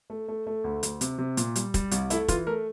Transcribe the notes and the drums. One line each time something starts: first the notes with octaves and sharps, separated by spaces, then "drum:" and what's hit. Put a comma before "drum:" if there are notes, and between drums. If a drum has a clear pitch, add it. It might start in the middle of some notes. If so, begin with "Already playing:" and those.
A3
A3
A3
D2
D2, drum: hi-hat
C3, drum: hi-hat
C3
A#2, drum: hi-hat
G3, drum: hi-hat
G3, drum: kick, hi-hat
C2, drum: hi-hat
A3 E4, drum: hi-hat
E3 F4, drum: kick, hi-hat
A3 A#4